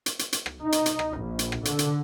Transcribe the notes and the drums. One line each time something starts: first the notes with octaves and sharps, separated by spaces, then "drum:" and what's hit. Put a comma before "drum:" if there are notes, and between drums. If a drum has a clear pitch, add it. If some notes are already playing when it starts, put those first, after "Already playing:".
drum: hi-hat
drum: hi-hat
drum: hi-hat
drum: rim click
D#4
drum: hi-hat
drum: hi-hat
drum: rim click
A#1
drum: hi-hat
drum: rim click
D3, drum: hi-hat
drum: hi-hat